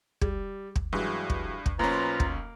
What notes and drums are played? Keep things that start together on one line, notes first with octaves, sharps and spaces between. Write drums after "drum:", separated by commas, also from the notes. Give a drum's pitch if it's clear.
G3, drum: kick
drum: kick
G2 E3 F#3 G#3
drum: kick
drum: kick
B1 A#3 C#4 F4 B4 C5 A#5
drum: kick